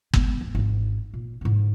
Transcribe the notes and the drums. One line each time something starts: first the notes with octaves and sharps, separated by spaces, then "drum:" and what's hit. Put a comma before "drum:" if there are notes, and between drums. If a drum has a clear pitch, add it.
G#3 B3, drum: kick
G#2
G#1 C#4
A#2
G#2 D3